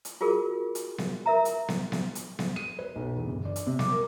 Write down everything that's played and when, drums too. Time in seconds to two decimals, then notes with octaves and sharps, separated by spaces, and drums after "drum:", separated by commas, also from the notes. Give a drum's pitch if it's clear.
0.05 drum: hi-hat
0.21 F4 F#4 G#4 A#4
0.75 drum: hi-hat
0.98 drum: snare B3
1.26 A#4 E5 A#5
1.45 drum: hi-hat
1.69 drum: snare B3
1.92 drum: snare B3
2.15 drum: hi-hat
2.39 drum: snare B3
2.56 D#7
2.79 B4
2.96 B1
3.16 E2
3.27 G1
3.45 D5
3.56 drum: hi-hat
3.67 C3
3.79 D6, drum: snare B3
3.92 A#4